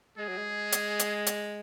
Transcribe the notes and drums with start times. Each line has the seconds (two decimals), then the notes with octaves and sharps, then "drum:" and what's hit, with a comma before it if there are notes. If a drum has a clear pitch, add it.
0.18 G#3 G#4
0.29 F#3
0.38 G#3
0.72 drum: hi-hat
0.99 drum: hi-hat
1.27 drum: hi-hat